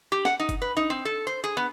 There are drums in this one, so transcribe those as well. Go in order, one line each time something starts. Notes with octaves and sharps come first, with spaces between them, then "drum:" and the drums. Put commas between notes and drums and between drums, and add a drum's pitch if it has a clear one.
G4
F#5, drum: snare
D#4
drum: kick F#1, hi-hat
B4
D#4
C4
A4
C5
G#4
B3